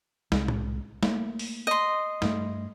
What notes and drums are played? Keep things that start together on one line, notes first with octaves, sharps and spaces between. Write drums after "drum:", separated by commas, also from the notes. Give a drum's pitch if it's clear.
C2 G#3, drum: snare
drum: tom A2
A3 A#3, drum: snare
drum: open hi-hat
D#5 C6
G2 A3, drum: snare